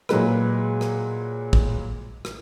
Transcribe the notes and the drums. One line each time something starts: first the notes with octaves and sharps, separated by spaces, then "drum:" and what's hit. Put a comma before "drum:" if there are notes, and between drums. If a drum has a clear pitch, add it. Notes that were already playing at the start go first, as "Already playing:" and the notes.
A#2 F#3 G#3 B4, drum: rim click
drum: rim click
drum: kick
drum: rim click